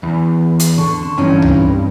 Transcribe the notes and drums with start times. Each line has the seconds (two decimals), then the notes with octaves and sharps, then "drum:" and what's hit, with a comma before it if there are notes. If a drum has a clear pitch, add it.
0.03 E2
0.60 drum: hi-hat
0.78 D3 C#6
1.03 C4
1.18 G2 E3 C4 C#4 D#4
1.42 drum: tom C2